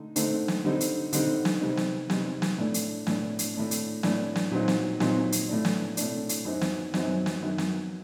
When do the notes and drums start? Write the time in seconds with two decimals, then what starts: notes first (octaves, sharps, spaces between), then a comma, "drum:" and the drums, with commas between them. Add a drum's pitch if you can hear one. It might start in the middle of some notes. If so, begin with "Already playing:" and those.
Already playing: D3 A3 D#4
0.16 D3 A3 C4 D#4, drum: hi-hat
0.48 drum: snare
0.64 D3 G3 C4 D#4
0.81 drum: hi-hat
1.13 D3 G3 C4 D#4, drum: hi-hat
1.45 drum: snare
1.61 C3 G3 C4 D#4
1.77 drum: snare
2.10 C3 G3 C4 D#4, drum: snare
2.42 drum: snare
2.58 A2 A3 D4
2.74 drum: hi-hat
3.07 A2 A3 D4, drum: snare
3.39 drum: hi-hat
3.55 A2 A3 D4
3.71 drum: hi-hat
4.03 A2 A3 D4, drum: snare
4.36 drum: snare
4.51 A#2 F#3 C4 D#4
4.68 drum: snare
5.00 A#2 F#3 C4 D#4, drum: snare
5.32 drum: hi-hat
5.48 A2 A3 D4
5.65 drum: snare
5.97 A2 A3 D4, drum: hi-hat
6.29 drum: hi-hat
6.45 F#2 F#3 C4 D#4
6.61 drum: snare
6.94 F#2 F#3 C4 D#4, drum: snare
7.26 drum: snare
7.42 F#2 D#3 F#3
7.58 drum: snare